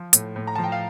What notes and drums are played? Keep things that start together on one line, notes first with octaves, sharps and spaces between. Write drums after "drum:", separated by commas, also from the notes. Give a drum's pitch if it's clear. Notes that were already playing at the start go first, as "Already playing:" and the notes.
Already playing: F3
A2, drum: hi-hat
A2
A#5
F3 A5
G5
F5